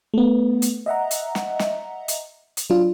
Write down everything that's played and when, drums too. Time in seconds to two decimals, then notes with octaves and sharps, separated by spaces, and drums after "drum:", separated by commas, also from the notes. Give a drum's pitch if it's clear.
0.14 A3 B3
0.62 drum: hi-hat
0.86 D#5 E5 F#5 A#5
1.11 drum: hi-hat
1.35 drum: snare
1.59 drum: snare
2.08 drum: hi-hat
2.57 drum: hi-hat
2.70 F#3 D4 F4